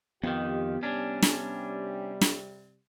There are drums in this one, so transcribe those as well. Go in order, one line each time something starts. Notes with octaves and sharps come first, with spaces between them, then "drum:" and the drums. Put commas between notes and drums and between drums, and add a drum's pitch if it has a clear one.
F2 D#3 B3 G4
C3 G3 C#4 D4
drum: snare
drum: snare